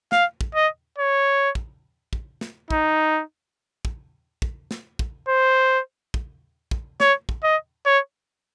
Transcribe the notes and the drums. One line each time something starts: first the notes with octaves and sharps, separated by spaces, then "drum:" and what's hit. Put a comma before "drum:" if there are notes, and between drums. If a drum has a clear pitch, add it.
F5, drum: snare
drum: kick
D#5
C#5
drum: kick
drum: kick
drum: snare
D#4, drum: kick
drum: kick
drum: kick
drum: snare
drum: kick
C5
drum: kick
drum: kick
C#5, drum: snare
drum: kick
D#5
C#5